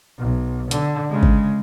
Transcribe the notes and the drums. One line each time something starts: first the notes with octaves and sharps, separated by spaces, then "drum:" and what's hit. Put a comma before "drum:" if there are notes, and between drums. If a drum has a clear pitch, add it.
B1
D3, drum: hi-hat
C#3 G#3
drum: kick G#1